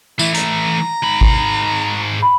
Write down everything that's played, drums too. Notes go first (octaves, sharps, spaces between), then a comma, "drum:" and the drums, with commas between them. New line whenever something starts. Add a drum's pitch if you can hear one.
E3 A3 E4, drum: tambourine
A#5, drum: hi-hat
G#2 B5
drum: kick G#1
B5